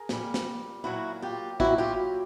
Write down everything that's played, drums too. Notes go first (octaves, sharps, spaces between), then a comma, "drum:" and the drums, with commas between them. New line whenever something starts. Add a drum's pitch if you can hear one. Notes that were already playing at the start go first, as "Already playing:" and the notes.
Already playing: G#4 A#4
A#2 G3, drum: snare
drum: snare
A#2 F#3 E4 F#4
F4 G4
A#2 F#3 E4 F#4, drum: kick
F4 G4